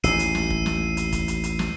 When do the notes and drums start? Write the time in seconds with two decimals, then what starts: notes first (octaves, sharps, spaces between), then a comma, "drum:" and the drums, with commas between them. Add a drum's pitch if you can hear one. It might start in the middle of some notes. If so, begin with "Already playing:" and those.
0.04 A1 D#2 E6 C7 D#7, drum: hi-hat
0.19 drum: hi-hat
0.35 drum: snare
0.50 drum: kick
0.66 drum: snare
0.97 drum: hi-hat
1.12 drum: kick, hi-hat
1.28 drum: hi-hat
1.43 drum: hi-hat
1.59 drum: snare